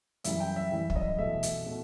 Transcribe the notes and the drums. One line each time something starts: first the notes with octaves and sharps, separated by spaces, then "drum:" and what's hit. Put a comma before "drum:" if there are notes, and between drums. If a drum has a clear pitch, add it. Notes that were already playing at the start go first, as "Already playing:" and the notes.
F#2 E3 G3 E5, drum: hi-hat
G5
E5
F#2 E3 G3
E5, drum: kick
D#5
E2 B2 A3 E5
drum: hi-hat
B2 A3